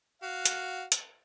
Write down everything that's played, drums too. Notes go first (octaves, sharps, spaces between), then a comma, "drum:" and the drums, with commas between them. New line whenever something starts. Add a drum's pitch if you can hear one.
F#4 F5
drum: hi-hat
drum: hi-hat